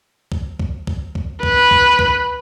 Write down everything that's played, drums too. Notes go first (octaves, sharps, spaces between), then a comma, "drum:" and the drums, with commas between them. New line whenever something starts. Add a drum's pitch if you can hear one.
drum: kick C2
drum: kick C2
drum: kick C2
drum: kick C2
B4, drum: kick C2
drum: kick C2
drum: kick C2